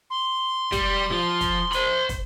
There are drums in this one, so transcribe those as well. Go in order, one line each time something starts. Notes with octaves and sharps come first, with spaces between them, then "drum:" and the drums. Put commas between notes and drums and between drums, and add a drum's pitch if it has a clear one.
C6
G3, drum: kick, hi-hat
F3
drum: kick, hi-hat
C5 B5, drum: hi-hat
drum: kick, hi-hat